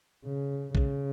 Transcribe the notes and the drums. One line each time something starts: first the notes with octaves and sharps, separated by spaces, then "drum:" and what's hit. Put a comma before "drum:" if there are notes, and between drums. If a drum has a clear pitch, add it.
C#3
C#3, drum: kick A#1